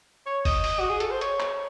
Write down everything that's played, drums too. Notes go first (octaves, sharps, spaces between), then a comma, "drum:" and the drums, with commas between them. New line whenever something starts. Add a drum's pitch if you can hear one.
C#5
D#5, drum: kick F#1, open hi-hat
drum: open hi-hat
F#4
G#4
A4, drum: hi-hat
C5
C#5, drum: hi-hat
drum: clap